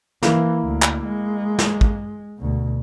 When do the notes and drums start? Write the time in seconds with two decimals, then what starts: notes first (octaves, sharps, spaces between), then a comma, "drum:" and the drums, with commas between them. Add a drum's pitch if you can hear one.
0.23 E3 A#3 E4, drum: snare
0.66 D2
0.82 drum: clap
1.05 G#3
1.59 drum: snare
1.81 drum: kick
2.38 D2 B2